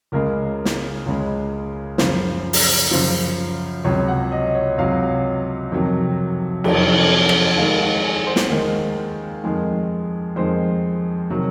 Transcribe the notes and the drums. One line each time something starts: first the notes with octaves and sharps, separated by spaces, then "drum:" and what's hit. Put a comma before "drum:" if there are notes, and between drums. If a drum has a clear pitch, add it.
C#2 C#3 G#3 A#4
drum: snare
C#2 C#3 G#3
F#2 C#3 F3 C5, drum: snare
drum: open hi-hat
F#2 C#3 F3 C5
C#2 C3 F#3 C#5
F#5
D#5
C#5
C#2 C3 F#3 F5
F2 C3 D#3 F#3
F2 C3 D#3 F#3, drum: cymbal
drum: rim click
D#2 D#3 G#3 F5
F#5
G#5
C5
drum: snare
D#2 D#3 G#3 A#4
F2 D#3 G#3
F2 D#3 G#3 C5
C3 D#3 F#3